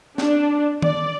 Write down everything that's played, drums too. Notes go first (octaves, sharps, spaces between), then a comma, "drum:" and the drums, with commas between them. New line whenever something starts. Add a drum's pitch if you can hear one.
D4, drum: snare
D5, drum: tom D#3